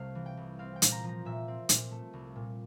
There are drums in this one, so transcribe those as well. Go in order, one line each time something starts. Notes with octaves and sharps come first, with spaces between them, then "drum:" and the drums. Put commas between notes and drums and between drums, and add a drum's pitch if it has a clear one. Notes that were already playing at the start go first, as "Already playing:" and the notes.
Already playing: C2 C3 A3 F5
E3
G5
C2
C4 F5
G5
A#2, drum: hi-hat
A#5
F3
A#5
A#2 E5
C4
A#2, drum: hi-hat
A3
C2
A#2